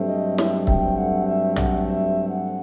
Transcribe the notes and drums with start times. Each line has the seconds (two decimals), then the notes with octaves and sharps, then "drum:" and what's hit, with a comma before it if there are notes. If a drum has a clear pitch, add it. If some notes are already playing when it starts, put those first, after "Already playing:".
Already playing: G2 F#3 A3 C4
0.09 D#5
0.38 E5, drum: snare
0.67 G5, drum: kick
0.97 F#5
1.27 E5
1.56 F#5, drum: tom A#1
1.86 E5
2.29 F#5